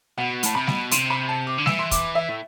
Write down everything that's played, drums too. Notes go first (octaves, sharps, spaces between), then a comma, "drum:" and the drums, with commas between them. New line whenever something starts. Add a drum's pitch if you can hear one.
B2 F#5
A2 A5, drum: hi-hat
C3 B5
B2, drum: snare G3
C3 C6, drum: hi-hat
B5
A5
D6
D3
E3 E6, drum: snare G3
C6
D6, drum: kick, hi-hat
E5
A2